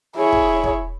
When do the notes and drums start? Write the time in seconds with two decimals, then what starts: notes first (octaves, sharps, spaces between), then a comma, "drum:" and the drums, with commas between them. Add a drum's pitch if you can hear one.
0.17 E4 G#4 C#5
0.32 drum: kick
0.64 drum: kick